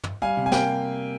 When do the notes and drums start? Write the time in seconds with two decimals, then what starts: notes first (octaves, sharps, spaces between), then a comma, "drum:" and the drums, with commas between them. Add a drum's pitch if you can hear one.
0.04 drum: tom
0.22 G3 F5 G#5
0.37 C3
0.46 G#5
0.52 A#3 G5, drum: snare